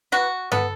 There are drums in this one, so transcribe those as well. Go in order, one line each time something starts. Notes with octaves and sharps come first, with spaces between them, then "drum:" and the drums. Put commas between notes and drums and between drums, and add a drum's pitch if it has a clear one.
E3 F#4
B3 A4, drum: tom G2